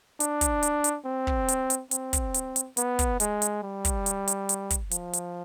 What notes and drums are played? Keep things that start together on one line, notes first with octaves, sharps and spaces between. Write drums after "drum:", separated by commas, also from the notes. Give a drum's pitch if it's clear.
D4, drum: hi-hat
drum: kick, hi-hat
drum: hi-hat
drum: hi-hat
C4
drum: kick
drum: hi-hat
drum: hi-hat
C4, drum: hi-hat
drum: kick, hi-hat
drum: hi-hat
drum: hi-hat
B3, drum: hi-hat
drum: kick, hi-hat
G#3, drum: hi-hat
drum: hi-hat
G3
drum: kick, hi-hat
drum: hi-hat
drum: hi-hat
drum: hi-hat
drum: kick, hi-hat
F3, drum: hi-hat
drum: hi-hat